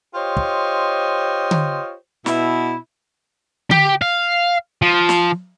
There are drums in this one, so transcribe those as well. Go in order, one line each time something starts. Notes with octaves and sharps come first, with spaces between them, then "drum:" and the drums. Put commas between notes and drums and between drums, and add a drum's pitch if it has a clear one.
F4 G4 C5 C#5 D#5
drum: kick
drum: tom D3
B2 E4, drum: snare
G4, drum: tom D3
F5
F3
drum: snare